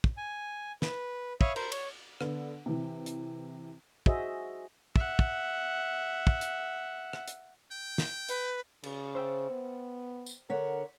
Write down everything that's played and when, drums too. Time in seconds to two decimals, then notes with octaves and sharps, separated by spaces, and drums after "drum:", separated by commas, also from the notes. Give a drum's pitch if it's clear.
0.04 drum: kick
0.17 G#5
0.82 B4, drum: snare
1.41 C#5 E5 F5 B5 C#6 D#6, drum: kick
1.56 A#4 C5 B5, drum: cymbal
1.72 C#5, drum: cymbal
2.21 D3 B3, drum: rim click
2.66 C3 E3
3.06 drum: hi-hat
4.06 F#4 G#4 C5 D#5 E5, drum: kick
4.96 E5 F#5, drum: kick
5.19 drum: kick
6.27 drum: kick
6.41 drum: hi-hat
7.13 drum: rim click
7.28 drum: hi-hat
7.71 G5
7.98 drum: snare
8.29 B4, drum: hi-hat
8.83 C#3, drum: cymbal
9.15 C5 E5 G5
9.50 B3
10.26 drum: tambourine
10.50 D3 A#4 C#5 F#5 B6